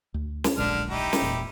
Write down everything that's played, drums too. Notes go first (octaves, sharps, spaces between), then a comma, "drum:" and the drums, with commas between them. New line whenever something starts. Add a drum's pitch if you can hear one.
D2
drum: snare
D1 A#1 D3 G#3 D4 F6
D#4 E4 G4
drum: snare
E1 A#2